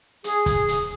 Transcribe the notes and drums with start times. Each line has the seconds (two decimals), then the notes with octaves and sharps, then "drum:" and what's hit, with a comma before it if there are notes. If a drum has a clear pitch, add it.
0.24 G#4, drum: hi-hat
0.46 drum: kick, hi-hat
0.68 drum: hi-hat